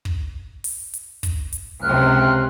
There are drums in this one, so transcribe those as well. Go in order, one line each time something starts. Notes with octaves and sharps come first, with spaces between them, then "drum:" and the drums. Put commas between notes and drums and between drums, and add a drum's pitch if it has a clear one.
drum: kick
drum: open hi-hat
drum: hi-hat
drum: kick, hi-hat
drum: hi-hat
C#2 C3 F6 F#6